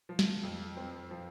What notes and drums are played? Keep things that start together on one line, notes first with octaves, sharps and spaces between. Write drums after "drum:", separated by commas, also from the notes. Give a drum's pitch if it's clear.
F3
drum: snare
F2
C4
F3